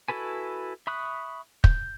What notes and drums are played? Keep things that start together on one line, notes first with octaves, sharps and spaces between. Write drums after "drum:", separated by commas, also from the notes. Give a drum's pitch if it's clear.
E4 F#4 A4 B4 G#5
E5 B5 C#6 D#6 F#6
G6, drum: kick